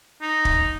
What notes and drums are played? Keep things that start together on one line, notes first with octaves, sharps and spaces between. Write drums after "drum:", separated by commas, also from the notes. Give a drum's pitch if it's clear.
D#4
drum: kick